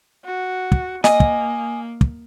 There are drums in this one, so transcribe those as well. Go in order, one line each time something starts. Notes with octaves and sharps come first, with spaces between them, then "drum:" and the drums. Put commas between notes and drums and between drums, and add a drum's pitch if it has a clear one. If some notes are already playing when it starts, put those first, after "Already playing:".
F#4
drum: kick
A#3 D#5 G#5, drum: snare
drum: kick
drum: kick